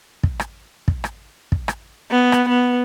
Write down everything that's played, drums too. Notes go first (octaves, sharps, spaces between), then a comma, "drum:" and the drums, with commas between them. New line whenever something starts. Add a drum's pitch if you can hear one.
drum: kick
drum: rim click
drum: kick
drum: rim click
drum: kick
drum: rim click
B3
drum: rim click
B3